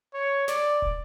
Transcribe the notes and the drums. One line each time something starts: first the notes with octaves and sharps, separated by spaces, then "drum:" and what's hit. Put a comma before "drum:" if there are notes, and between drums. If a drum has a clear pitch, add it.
C#5
D5, drum: snare
drum: kick